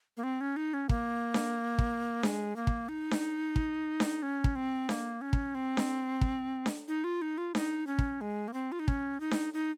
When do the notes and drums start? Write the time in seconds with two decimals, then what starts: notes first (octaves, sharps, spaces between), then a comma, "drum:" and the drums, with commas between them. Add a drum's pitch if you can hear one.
0.17 A#3
0.23 C4
0.41 C#4
0.56 D#4
0.74 C#4
0.89 A#3, drum: kick
1.34 drum: snare D4
1.79 drum: kick
2.23 G#3, drum: snare D4
2.56 A#3
2.67 drum: kick
2.89 D#4
3.11 drum: snare D4
3.56 drum: kick
4.00 drum: snare D4
4.23 C#4
4.44 drum: kick
4.55 C4
4.89 A#3, drum: snare D4
5.21 C#4
5.33 drum: kick
5.55 C4
5.77 drum: snare D4
6.21 drum: kick
6.66 drum: snare D4
6.88 D#4
7.04 F4
7.22 D#4
7.38 F4
7.55 D#4, drum: snare D4
7.87 C#4
7.99 drum: kick
8.21 G#3
8.48 A#3
8.53 C4
8.72 F4
8.80 D#4
8.88 C#4, drum: kick
9.20 D#4
9.31 drum: snare D4
9.54 D#4